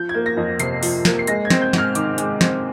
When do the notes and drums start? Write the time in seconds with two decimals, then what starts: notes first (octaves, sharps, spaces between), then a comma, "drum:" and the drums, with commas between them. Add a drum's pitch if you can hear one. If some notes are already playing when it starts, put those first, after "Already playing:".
Already playing: F3 G6
0.09 G#6
0.14 A#3
0.26 A#6
0.37 F2
0.59 C3 C7, drum: hi-hat
0.83 F3, drum: open hi-hat
1.05 A#3, drum: snare
1.19 C7
1.27 G#3 A#6, drum: hi-hat
1.45 G#6
1.50 C4, drum: snare
1.62 G6
1.73 G#2 F6, drum: snare
1.95 D#3 D6, drum: hi-hat
2.18 G#3, drum: hi-hat
2.41 C4, drum: snare